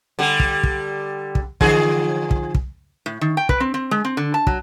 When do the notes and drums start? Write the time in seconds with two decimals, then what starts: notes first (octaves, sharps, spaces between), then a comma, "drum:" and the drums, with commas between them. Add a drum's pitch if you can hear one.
0.19 D3 G3
0.40 drum: kick
0.64 drum: kick
1.35 drum: kick
1.61 D3 F3 G#4, drum: kick
2.31 drum: kick
2.55 drum: kick
3.06 A2
3.21 D#3
3.37 G5
3.49 B4, drum: kick
3.60 C4
3.74 C4
3.91 G#3
4.05 C4
4.17 D3
4.34 A5
4.47 F#3, drum: kick